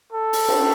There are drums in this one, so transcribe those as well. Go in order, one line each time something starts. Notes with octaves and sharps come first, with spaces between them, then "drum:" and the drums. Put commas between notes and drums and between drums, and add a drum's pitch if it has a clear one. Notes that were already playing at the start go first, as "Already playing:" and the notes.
A4
drum: open hi-hat
drum: cymbal